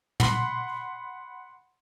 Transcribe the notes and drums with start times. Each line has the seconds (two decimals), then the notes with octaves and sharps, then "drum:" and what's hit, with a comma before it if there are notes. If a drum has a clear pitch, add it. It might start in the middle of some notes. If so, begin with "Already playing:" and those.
0.20 F#5 B5 C6, drum: tom